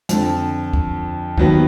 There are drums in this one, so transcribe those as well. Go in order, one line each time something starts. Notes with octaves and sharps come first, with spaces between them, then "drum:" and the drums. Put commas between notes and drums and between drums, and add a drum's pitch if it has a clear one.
F2 D3 F3, drum: hi-hat
drum: kick
D#2 D#3 F#3 B3, drum: kick